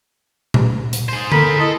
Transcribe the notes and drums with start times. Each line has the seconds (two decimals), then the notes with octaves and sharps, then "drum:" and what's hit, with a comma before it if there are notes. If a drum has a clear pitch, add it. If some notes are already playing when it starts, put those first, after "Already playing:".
0.54 drum: tom A#2
0.93 drum: hi-hat
1.09 G#4 C5
1.32 A4 A#4 B5, drum: tom D3
1.59 E4 A4 D#5